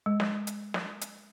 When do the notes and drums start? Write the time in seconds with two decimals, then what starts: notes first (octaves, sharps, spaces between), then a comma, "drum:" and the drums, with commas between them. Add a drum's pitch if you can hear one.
0.06 G#3
0.20 drum: snare
0.47 drum: hi-hat
0.74 drum: snare
1.01 drum: hi-hat